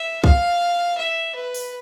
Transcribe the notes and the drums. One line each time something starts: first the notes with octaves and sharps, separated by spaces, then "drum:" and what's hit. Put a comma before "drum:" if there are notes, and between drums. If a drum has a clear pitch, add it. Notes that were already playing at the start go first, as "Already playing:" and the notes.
Already playing: E5
F5, drum: kick
E5
B4
drum: open hi-hat